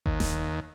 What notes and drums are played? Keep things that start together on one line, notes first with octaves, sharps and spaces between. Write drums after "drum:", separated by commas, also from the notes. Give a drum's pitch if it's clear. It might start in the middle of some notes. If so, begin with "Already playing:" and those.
D#2, drum: kick G#1
drum: snare D#1